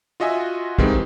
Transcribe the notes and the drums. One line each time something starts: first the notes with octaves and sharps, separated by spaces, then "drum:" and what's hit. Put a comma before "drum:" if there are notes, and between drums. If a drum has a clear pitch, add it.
F4 F#4 D#5 E5 G#5
D#3 E3 G3 G#3 C4, drum: kick